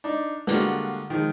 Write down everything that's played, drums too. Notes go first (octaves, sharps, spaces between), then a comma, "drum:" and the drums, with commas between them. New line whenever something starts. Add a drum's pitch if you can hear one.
D4 D#4
D3 G3 G#3 A#3 F4 F#4, drum: snare
D#3 F3 G#3